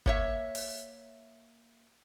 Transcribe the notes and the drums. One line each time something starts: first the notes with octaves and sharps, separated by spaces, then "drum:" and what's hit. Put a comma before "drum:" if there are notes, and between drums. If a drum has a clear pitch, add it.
A#3 C#5 E5, drum: kick G1
drum: open hi-hat